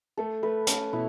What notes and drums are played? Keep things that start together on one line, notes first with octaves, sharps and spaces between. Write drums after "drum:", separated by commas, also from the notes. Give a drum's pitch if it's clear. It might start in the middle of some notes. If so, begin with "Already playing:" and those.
A3 A4
A3 B4
C#4 A4, drum: hi-hat
B2 E4